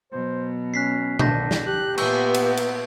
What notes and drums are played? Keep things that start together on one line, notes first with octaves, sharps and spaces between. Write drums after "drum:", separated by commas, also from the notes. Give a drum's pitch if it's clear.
B2 F#3 C5
C#4 F#6 B6 C7
D3 D#3 A5 G6 A#6, drum: tom B2
drum: snare
G4 F#6
A#2 B3 E5 C#6 E6 G6, drum: cymbal
drum: cymbal
drum: cymbal